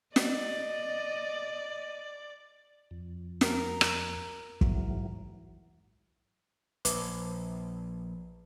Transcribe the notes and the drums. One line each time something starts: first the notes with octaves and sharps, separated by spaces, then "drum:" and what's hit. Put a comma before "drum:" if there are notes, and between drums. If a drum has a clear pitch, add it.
D5 D#5, drum: snare
F2
A#4, drum: snare
drum: rim click
G#2 E3 F#3, drum: kick
A#1 B4 D6, drum: hi-hat